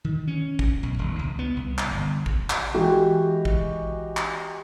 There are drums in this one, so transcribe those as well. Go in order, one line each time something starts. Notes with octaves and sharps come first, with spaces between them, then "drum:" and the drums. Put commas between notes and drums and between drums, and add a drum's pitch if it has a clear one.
D#3
C#4
drum: kick A1
B1
D#1
C#2
B3
C2
drum: clap
G1
drum: kick A1
drum: clap
E3 G#3 F#4 G4
drum: kick A1
drum: clap